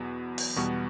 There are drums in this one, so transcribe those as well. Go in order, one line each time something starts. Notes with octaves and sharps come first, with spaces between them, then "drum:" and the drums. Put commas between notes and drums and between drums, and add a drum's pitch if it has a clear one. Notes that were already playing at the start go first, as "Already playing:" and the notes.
Already playing: E2 B2 F#3 B3
drum: open hi-hat
E2 B2 G3 B3 F#4